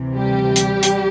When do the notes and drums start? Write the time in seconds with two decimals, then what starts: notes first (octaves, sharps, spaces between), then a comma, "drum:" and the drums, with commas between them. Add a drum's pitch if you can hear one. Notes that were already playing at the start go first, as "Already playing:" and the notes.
Already playing: D2 C3 E3
0.16 G3 G4
0.56 drum: hi-hat
0.83 drum: hi-hat